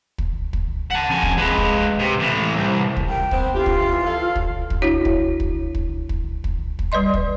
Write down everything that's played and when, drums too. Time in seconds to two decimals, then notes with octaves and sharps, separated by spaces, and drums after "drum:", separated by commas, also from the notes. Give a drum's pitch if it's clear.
0.19 drum: kick
0.53 drum: kick
0.91 F#5 A5
1.11 F2 G#5
1.23 drum: kick
1.37 G#3 B4
1.58 drum: kick
1.99 C3
2.19 A2 E3
2.56 C2
2.97 drum: kick
3.09 C3 F4 A#4 G5
3.31 B3 C4, drum: kick
3.54 D3 E3 F4 G4
3.66 drum: kick
3.90 E2 A2 E3
4.05 A4 C#5 F5
4.36 drum: kick
4.70 drum: kick
4.82 D4 E4 F#4 C#5
5.05 drum: kick
5.40 drum: kick
5.75 drum: kick
6.09 drum: kick
6.44 drum: kick
6.79 drum: kick
6.92 G3 B4 D5 D#5 C6
7.14 drum: kick